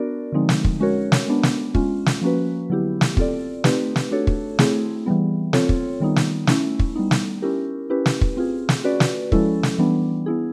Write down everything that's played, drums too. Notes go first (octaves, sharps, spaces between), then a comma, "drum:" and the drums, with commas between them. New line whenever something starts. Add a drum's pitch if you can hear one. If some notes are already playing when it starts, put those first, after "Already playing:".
Already playing: B3 D4 F#4 A#4 D5
D3 F3 G#3 C4 D#4
drum: snare
drum: kick
G#3 C#4 F#4 A#4 C#5
drum: snare
G#3 B3 D4
drum: snare
G#3 C#4 F4, drum: kick
drum: snare
F3 A#3 C#4 F#4 B4
D3 F#3 B3 E4 G4
drum: snare
C4 F4 A4 D5, drum: kick
A3 C4 D#4 G4 B4, drum: snare
drum: snare
A3 D4 F#4 A4 C#5
drum: kick
A3 C4 E4 G#4, drum: snare
E3 G3 B3
C4 F4 A4 C#5, drum: snare
drum: kick
D#3 G3 B3 D#4
drum: snare
A3 C#4 E4, drum: snare
drum: kick
G3 B3 D#4
drum: snare
C#4 E4 G4 A#4
C#4 E4 G4 B4
drum: snare
drum: kick
C4 F4 G#4
drum: snare
C#4 F#4 B4 D5
drum: snare
F3 G#3 C#4 E4 A4, drum: kick
drum: snare
E3 G3 B3 D4
B3 E4 G#4